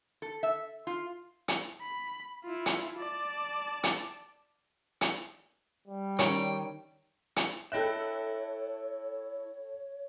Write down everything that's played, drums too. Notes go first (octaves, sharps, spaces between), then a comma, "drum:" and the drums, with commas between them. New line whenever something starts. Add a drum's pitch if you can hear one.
A4
E5
F4
drum: hi-hat
B5
E4 F4
drum: hi-hat
D5 A5
drum: hi-hat
drum: hi-hat
G3
D#3 C#4 C#5 G5, drum: hi-hat
drum: hi-hat
E4 A4 C#5 D#5 E5 G5 F#6